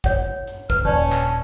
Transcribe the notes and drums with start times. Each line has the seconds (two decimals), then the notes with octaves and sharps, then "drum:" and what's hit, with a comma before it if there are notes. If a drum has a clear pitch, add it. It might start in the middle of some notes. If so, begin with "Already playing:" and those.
0.04 C#5 F#5, drum: kick, hi-hat
0.47 drum: hi-hat
0.70 B4 F6, drum: kick
0.85 D#1 C#4 C#5 D5 A5 A#5
1.12 drum: clap